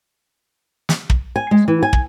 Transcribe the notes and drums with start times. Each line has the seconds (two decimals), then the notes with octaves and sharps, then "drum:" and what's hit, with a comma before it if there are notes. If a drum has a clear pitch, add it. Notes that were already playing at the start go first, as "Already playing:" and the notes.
0.89 drum: snare
1.10 drum: kick
1.36 G#5
1.51 G#3
1.68 E3
1.83 G#5
1.93 drum: kick